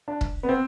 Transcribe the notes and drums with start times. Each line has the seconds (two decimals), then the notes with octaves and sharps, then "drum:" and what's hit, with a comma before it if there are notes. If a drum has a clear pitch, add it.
0.08 D4
0.21 drum: kick
0.43 B3
0.49 C4